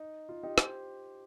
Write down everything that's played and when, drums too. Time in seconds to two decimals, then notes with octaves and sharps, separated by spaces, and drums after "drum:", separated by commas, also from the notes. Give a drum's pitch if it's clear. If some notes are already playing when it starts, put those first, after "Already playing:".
Already playing: D#4
0.29 F4
0.43 D#4 G4
0.58 G4 C5, drum: rim click